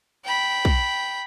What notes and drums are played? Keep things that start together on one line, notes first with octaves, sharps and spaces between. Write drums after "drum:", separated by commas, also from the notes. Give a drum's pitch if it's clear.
G5 B5
drum: kick